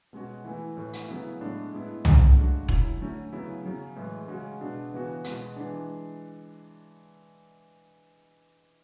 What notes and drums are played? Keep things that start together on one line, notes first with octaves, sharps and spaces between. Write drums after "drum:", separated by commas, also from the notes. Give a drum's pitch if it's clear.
B2 G#3 C#4 F#4
E3 A3 E4
A2 E3 A3
drum: hi-hat
C#3 F#3 B3 E4
A2 G#3 D4
A2 G#3 B3 E4
D3 F#3 A3, drum: tom C2
C#3 G#3 D4 F#4
F#3 C#4 E4, drum: kick E1
D3 F#3 A3 C#4
C#3 F#3 B3 E4
C#3 F#3 C#4
A2 E3 G#3
C#3 G#3 C#4 F#4
B2 G#3 D4 F#4
C#3 E3 B3 F#4
B2 G#3 B3 F#4, drum: hi-hat
E3 G#3 D4